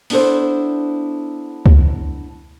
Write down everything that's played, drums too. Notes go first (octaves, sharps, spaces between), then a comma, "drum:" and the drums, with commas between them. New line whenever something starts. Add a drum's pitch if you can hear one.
B3 D4 E4 A4 C5, drum: open hi-hat
drum: kick C#2